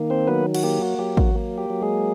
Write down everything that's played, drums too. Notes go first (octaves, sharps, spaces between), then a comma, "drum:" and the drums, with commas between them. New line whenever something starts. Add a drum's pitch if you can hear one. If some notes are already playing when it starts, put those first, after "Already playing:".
Already playing: D#3 A#3
C4 C5
F#3 B3 B4
F#4, drum: cymbal
A#3 G4
F#4
F#3 G4
F#4, drum: kick
A#3
G4
F#3
G#3 G#4